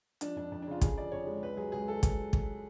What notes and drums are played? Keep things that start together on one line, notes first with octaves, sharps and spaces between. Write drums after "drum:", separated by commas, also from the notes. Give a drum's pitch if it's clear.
F3 D4, drum: hi-hat
F2 D4
F2 D4
D4
C#3 F4
D3 G#4, drum: kick, hi-hat
F3 D5
F2 C#5
G#3
C#2 B4
F#3 G#4
C#2 G#4
A4
drum: kick, hi-hat
drum: kick